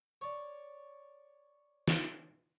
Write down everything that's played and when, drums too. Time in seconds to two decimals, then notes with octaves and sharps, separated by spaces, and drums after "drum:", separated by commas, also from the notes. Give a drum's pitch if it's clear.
0.21 C#5 D5
1.88 drum: snare